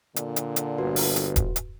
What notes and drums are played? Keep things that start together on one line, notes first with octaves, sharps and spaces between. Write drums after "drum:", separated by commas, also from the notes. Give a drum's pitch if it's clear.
A#2 D3, drum: hi-hat
drum: hi-hat
drum: hi-hat
G1 F#4 B4
drum: open hi-hat
drum: hi-hat
drum: kick D#1, hi-hat
drum: hi-hat